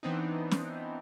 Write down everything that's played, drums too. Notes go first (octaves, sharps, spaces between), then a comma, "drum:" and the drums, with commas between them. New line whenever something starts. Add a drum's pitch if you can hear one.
E3 B3 C4 D4 D#4
drum: snare